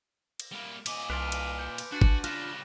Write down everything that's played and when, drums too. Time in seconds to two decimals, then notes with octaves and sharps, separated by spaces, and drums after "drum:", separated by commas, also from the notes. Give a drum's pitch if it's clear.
0.40 drum: cymbal
0.52 G3 A#3
0.86 A#2 D#5 G#5 D6 B6, drum: cymbal
1.10 C2 B4 F5 A5 C6 D7 F7
1.32 drum: cymbal
1.59 G6 C#7
1.78 drum: cymbal
1.92 D4 F#4 F#6 A6 D#7
2.01 drum: kick
2.24 C#3 G3 F4 B5 F#6 A#6 E7, drum: cymbal